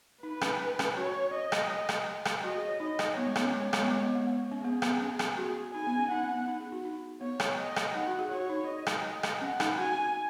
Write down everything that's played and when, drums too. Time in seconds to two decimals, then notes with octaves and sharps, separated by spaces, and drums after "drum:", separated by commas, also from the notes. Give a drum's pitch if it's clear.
0.23 D#4 B4
0.41 C#4, drum: rim click
0.79 C#4, drum: rim click
0.97 F#4 C#5
1.34 D#5
1.52 drum: rim click
1.89 drum: rim click
2.25 drum: rim click
2.44 F#4 D#5
2.56 G#4
2.68 C#5
2.80 D#4 D#5
2.99 drum: rim click
3.17 B3 C#5
3.26 G#3
3.36 B3, drum: rim click
3.44 C#4
3.54 G#3
3.73 G#3, drum: rim click
3.82 B3
3.91 G#3
4.03 B3
4.16 B3
4.27 B3
4.51 C#4
4.64 B3 G#4
4.82 B3, drum: rim click
5.01 C#4
5.19 drum: rim click
5.38 F#4 G#4
5.74 D#4 G#5
5.87 B3
5.99 C#4
6.11 D#4 F#5
6.23 C#4
6.35 B3
6.48 D#4
6.60 G#4
6.72 F#4
6.85 D#4
7.21 B3 C#5
7.40 drum: rim click
7.59 D#5
7.76 drum: rim click
7.94 D#4 F#5
8.07 F#4
8.19 G#4
8.31 F#4 C#5
8.50 D#4
8.68 D#5
8.87 drum: rim click
9.23 drum: rim click
9.42 C#4 F#5
9.60 D#4, drum: rim click
9.78 F#4 G#5